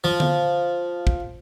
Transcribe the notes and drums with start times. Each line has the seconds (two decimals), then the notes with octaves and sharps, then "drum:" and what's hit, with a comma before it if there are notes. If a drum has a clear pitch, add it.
0.04 F3
0.20 drum: tom D3
1.07 drum: kick